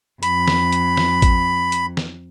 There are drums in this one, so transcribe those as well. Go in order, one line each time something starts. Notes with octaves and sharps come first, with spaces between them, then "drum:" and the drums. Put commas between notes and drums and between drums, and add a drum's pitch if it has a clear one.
F2 B5, drum: hi-hat
drum: snare
drum: hi-hat
drum: snare
drum: kick A1, hi-hat
drum: hi-hat
drum: snare